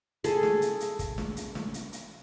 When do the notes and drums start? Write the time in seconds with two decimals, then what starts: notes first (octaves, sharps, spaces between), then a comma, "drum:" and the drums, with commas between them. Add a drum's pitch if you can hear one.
0.24 G#4 A4, drum: hi-hat
0.43 drum: snare
0.62 drum: hi-hat
0.80 drum: hi-hat
0.99 drum: kick, hi-hat
1.18 drum: snare
1.37 drum: hi-hat
1.55 drum: snare
1.74 drum: hi-hat
1.93 drum: hi-hat